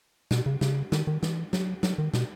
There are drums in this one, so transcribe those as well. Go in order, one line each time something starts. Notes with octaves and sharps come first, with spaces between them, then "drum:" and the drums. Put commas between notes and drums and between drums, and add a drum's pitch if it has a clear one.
B2, drum: snare
C#3
C#3, drum: snare
D#3, drum: snare
D#3
E3, drum: snare
F#3, drum: snare
F#3, drum: snare
D#3
B2, drum: snare